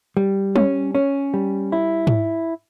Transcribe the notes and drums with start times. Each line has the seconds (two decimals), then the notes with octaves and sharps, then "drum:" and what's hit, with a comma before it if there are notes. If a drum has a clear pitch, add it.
0.17 G3
0.56 C#4, drum: tom G3
0.95 C#4
1.34 G3
1.72 E4
2.07 drum: tom G#2